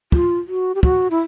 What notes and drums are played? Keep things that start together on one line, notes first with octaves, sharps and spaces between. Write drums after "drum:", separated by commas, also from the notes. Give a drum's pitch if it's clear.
F4, drum: kick
F#4
G4
F#4, drum: kick
E4